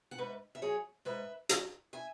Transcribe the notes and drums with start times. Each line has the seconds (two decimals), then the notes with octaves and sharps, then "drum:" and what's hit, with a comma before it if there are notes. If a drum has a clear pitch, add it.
0.11 F#5
0.18 G#2 B4 E5
0.55 E5
0.62 F#3 G#4 C#5
1.05 G#2 B4 E5
1.49 F#3, drum: hi-hat
1.93 E5 G#5